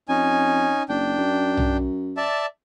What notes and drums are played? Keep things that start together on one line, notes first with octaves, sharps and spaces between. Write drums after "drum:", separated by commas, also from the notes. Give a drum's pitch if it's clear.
F2 C#4 D#4 G#5
F#1 D4 G5
F#2
drum: tom B1
D5 E5 A5